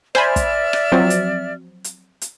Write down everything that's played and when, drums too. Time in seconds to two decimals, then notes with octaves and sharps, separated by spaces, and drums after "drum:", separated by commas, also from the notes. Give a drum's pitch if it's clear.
0.15 C5 D5 E5 G#5 B5 F6, drum: rim click
0.36 drum: kick, hi-hat
0.73 drum: rim click
0.92 F3 F#3 C4
1.10 drum: hi-hat
1.84 drum: hi-hat
2.22 drum: hi-hat